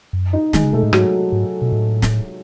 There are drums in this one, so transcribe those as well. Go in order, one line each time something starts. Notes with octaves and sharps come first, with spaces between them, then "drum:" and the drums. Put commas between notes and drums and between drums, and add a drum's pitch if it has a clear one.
F#2
D#4 D#5
D#3 G#3 G#4, drum: snare
C#3
B2 A3 A4
A2
G#2 F#3 F#4, drum: rim click
G#2
B2
A2
drum: snare